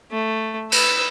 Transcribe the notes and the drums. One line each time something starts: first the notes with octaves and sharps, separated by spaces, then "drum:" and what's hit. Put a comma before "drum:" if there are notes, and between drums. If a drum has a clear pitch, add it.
A3
B4 E6, drum: cymbal